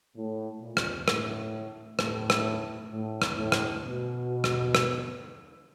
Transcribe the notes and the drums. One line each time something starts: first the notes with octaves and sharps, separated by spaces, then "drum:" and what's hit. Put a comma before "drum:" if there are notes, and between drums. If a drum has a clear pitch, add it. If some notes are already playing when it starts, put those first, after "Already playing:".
A2
A#2
drum: rim click
A2, drum: rim click
A2, drum: rim click
drum: rim click
A2
drum: rim click
A2
drum: rim click
B2
drum: rim click
drum: rim click